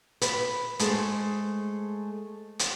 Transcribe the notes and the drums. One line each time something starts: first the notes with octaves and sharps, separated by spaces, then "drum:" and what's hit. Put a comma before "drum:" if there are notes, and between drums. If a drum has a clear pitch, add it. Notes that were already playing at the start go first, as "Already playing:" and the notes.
B4, drum: hi-hat
G#3 A3 G#4 C5, drum: hi-hat
drum: hi-hat